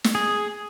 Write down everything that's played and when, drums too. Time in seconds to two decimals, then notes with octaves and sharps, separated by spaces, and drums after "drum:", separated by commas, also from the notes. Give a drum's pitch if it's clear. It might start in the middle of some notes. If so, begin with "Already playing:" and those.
0.04 drum: snare
0.15 G#4